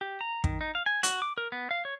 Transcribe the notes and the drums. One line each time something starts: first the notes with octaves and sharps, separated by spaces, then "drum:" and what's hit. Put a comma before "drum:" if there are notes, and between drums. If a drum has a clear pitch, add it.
G4
A#5
D#3, drum: kick
D#4
F5
G#5
F#4, drum: hi-hat
D6
A#4
B3
F5
C#5